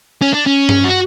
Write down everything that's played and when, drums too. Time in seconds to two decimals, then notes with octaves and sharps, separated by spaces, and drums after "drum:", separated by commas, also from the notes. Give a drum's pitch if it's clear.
0.21 C#4
0.34 D4
0.46 C#4
0.69 drum: tom G2
0.85 F#4